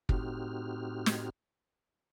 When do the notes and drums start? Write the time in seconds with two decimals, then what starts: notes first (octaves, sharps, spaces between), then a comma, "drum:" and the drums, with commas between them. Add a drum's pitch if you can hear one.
0.09 A2 C4 D#4 F#4 G4 F6, drum: kick
1.06 drum: snare